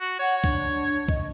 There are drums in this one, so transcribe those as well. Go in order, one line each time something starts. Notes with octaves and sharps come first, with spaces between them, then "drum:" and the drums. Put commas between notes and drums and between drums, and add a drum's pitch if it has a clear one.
F#4
C#5 F#5
D4, drum: kick C2
D#5, drum: kick C2